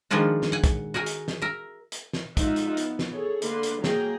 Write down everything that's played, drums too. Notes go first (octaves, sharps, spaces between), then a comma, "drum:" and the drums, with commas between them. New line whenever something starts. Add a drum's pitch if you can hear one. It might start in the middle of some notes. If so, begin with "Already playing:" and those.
D#3 F3 G#3 D4 F4 F#4
drum: snare
F#5 G#5
drum: kick, hi-hat
F#4 G#4 A#4 G#5
drum: hi-hat
drum: snare
A#4 E5
drum: hi-hat
drum: snare
F3 G#3 D#4 F4 E5 F#5, drum: kick, hi-hat
drum: hi-hat
B3, drum: hi-hat
drum: snare
G#4 A4 C#5
D3 A#3 B4 C6, drum: hi-hat
drum: hi-hat
F#3 A#3 G#4 G5 A#5, drum: snare